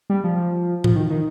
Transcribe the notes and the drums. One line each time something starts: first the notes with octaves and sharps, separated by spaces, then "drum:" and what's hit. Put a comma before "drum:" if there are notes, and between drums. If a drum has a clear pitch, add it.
G3
F3
F3, drum: tom A2
D#3
D#3